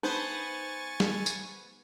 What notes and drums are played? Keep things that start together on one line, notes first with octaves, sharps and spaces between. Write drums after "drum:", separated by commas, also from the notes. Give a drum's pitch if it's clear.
B3 D#4 B4 C5 G#5 C#6 A6
drum: snare
drum: tambourine